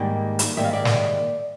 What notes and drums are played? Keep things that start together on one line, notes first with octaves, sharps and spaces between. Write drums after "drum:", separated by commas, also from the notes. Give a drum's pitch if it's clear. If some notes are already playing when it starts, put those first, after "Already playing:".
Already playing: G#2 D#3 G3 A#3
drum: hi-hat
G#2 D#3 G3 A#3 E5
F5
D5 E5
drum: snare